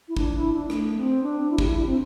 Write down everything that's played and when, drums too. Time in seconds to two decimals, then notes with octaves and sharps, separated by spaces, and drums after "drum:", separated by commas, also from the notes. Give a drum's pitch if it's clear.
0.08 E4
0.17 D4, drum: kick
0.35 E4
0.53 D4
0.70 A3, drum: rim click
0.97 C4
1.23 D4
1.51 E4
1.58 G4, drum: kick
1.66 E4
1.77 D4
1.86 C4